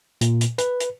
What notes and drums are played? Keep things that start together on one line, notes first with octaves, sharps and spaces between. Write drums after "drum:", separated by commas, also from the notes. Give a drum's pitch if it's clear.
A#2, drum: hi-hat
drum: hi-hat
B4, drum: hi-hat
drum: hi-hat